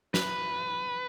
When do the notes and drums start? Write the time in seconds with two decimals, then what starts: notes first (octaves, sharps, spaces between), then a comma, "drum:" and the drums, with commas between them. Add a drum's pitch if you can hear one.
0.14 B4, drum: snare